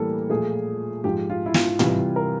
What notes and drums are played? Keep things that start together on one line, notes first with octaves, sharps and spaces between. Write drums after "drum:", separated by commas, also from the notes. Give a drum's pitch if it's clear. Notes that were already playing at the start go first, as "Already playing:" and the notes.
Already playing: A2 E3 G3 A#3 A4
A#2 F3 A3 G#4
G#2 F3 G#3 G4
F4
E4
F4, drum: snare
C3 E3 G3 F4, drum: tom
A#4